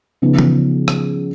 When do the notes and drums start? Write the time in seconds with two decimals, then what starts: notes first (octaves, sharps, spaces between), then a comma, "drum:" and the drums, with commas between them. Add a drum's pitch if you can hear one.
0.22 C#3 F3 B3 D#4
0.39 drum: tom E3
0.88 drum: rim click